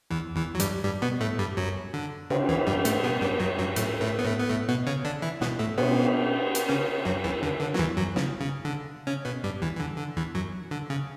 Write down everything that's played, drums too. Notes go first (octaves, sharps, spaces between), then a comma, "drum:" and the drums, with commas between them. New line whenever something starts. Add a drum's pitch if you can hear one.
E2 E3
E2 E3
F#3
G2 G3, drum: hi-hat
G2 G3
B2 B3
A2 A3
G2 G3
F#2 F#3
D3
C#3, drum: cymbal
E2 E3
G2 G3
A2 A3, drum: hi-hat
B2 B3
G2 G3
F#2 F#3
F#2 F#3
A2 A3, drum: hi-hat
A2 A3
B3
A2 A3
B3
A2 A3
B2 B3
C#3 C#4
D3 D4
E3 E4
B2 B3, drum: snare
A2 A3
B2 B3, drum: cymbal
drum: hi-hat
C#3 C#4
F#2 F#3
E2 E3
D3
D3
F#3, drum: snare
E2 E3
F#2 F#3
C#3, drum: snare
C#3
D3
C#3 C#4
B2 B3
G2 G3
E2 E3
E3
D3
D3
E2 E3
F#2 F#3
D3
C#3